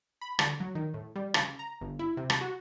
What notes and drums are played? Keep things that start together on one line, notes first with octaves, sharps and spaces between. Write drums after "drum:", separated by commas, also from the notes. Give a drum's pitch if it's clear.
B5
D3, drum: rim click
F#3
D#3
A2
G3
C#3, drum: rim click
A#5
G1
E4
C3
drum: rim click
F#4